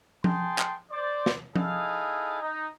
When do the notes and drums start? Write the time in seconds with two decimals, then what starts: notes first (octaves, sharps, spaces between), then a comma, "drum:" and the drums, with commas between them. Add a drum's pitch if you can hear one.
0.24 G#4 G5 A5 C6, drum: tom F3
0.58 drum: clap
0.91 C5 D5
1.26 drum: snare
1.56 D#4 E4 G#4 A4 F5, drum: tom F3
2.41 D#4